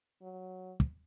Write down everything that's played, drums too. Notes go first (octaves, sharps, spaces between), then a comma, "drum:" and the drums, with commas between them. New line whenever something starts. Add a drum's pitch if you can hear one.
F#3
drum: kick